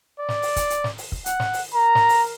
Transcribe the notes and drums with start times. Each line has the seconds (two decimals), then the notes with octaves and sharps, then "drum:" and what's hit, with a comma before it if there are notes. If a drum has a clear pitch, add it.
0.19 D5
0.29 drum: snare
0.42 drum: open hi-hat
0.56 drum: kick, hi-hat
0.70 drum: hi-hat
0.84 drum: snare
0.98 drum: open hi-hat
1.12 drum: kick
1.26 F#5, drum: hi-hat
1.40 drum: snare
1.54 drum: open hi-hat
1.74 A#4 A#5
1.95 drum: snare
2.09 drum: open hi-hat